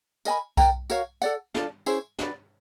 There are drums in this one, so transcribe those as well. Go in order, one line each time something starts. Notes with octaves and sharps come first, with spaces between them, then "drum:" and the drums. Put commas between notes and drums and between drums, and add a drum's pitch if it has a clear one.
A#4 D#5 G#5 B5, drum: tambourine
A#4 D5 G5 A#5, drum: kick B1, tambourine
F#4 A#4 C#5 F5, drum: tambourine
A4 D5 F#5, drum: tambourine
D4 F4 A4 D5, drum: snare
C#4 E4 G#4 C5, drum: tambourine
D4 F#4 B4 D5, drum: snare